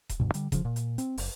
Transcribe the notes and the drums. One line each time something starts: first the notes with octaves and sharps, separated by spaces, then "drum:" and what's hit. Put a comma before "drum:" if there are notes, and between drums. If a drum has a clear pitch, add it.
drum: kick D#1, hi-hat
D2 G2 B2
D3 G3, drum: hi-hat
C#3 F3, drum: kick D#1, hi-hat
A#2
drum: hi-hat
C4, drum: hi-hat
F#1, drum: open hi-hat